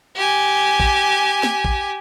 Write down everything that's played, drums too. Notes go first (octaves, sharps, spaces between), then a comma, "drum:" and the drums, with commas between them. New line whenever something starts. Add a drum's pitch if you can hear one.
G4 G#5
drum: kick A#1
drum: snare
drum: kick A#1